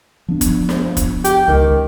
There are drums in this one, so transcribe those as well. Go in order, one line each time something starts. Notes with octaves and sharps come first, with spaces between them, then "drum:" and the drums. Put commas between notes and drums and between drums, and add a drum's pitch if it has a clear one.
F3 B3 D4
drum: kick, hi-hat
drum: snare
drum: kick, hi-hat
G4, drum: hi-hat
C#2 D#3